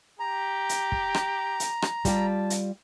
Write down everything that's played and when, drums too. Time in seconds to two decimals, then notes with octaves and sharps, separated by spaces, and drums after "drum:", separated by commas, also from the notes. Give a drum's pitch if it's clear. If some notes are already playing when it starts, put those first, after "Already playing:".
0.20 G4 A#5
0.69 drum: hi-hat
0.92 drum: kick
1.15 drum: rim click
1.60 drum: hi-hat
1.82 drum: rim click
2.05 G3 F4 G4 A5, drum: kick, hi-hat
2.50 drum: hi-hat